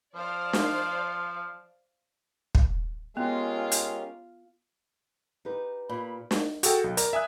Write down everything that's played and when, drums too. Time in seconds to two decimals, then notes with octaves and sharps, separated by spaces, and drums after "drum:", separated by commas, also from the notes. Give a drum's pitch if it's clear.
0.15 F3 C5 D5 F5
0.53 drum: snare
2.55 drum: kick
3.17 G#3 B3 C#4 F4 G4 A#4
3.72 drum: hi-hat
5.45 D#4 G4 B4
5.89 A#2 B5
6.31 drum: snare
6.63 F#4 G#4 A4 G5, drum: hi-hat
6.84 B1
6.97 A#4 D5 A#5, drum: hi-hat
7.13 E5 G#5 D#6 F#6